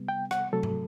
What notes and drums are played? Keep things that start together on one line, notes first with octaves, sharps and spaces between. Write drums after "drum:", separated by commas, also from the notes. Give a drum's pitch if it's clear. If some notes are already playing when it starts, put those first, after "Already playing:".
Already playing: C3 G3 B3
G5
F#5, drum: rim click
C3 F#3 A3 A4
drum: tom G#2